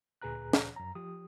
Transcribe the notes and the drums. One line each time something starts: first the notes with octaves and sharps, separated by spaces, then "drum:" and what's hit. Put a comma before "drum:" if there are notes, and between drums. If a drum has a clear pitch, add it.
D2 A#2 G#4 B4 A#5 F#6
drum: snare
F#2 A#5
F3 G4 D#6